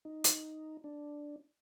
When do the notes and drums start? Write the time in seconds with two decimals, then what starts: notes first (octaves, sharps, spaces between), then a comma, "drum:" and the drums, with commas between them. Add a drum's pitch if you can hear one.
0.05 D#4
0.24 drum: hi-hat
0.84 D4